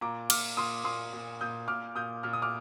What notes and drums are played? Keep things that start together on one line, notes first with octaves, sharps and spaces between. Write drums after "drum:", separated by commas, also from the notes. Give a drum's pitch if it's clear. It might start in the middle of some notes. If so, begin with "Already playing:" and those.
A#2 A#5 D6
A#2 D6 F6, drum: cymbal
A#2 C6 D#6
A#2 C6 D#6
A#2
A#2 D#6 G6
A#2 D6 F6
A#2 D#6 G6
A#2 F6
D#6
D6 F6